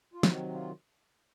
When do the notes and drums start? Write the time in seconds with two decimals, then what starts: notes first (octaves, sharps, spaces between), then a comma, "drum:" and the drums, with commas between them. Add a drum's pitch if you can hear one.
0.14 F4
0.23 C3 D#3 F#3 D#4, drum: snare
0.54 F4